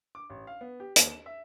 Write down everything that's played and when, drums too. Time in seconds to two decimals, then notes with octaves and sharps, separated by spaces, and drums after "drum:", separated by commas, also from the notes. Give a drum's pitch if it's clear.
0.15 D6
0.30 A1
0.47 F5
0.61 B3
0.80 G4
0.96 D#2, drum: hi-hat
1.12 E7
1.26 E5